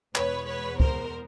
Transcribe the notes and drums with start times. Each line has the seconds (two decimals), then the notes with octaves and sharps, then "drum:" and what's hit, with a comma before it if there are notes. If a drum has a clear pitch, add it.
0.15 E2 B2 G#3 B3 B4 C#5, drum: clap
0.47 B4 C#5
0.80 A#4 C5, drum: kick C#2